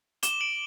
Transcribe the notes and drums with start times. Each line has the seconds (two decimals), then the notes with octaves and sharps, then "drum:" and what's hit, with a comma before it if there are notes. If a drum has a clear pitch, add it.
0.23 D6 E7 G7, drum: hi-hat
0.40 D7 F#7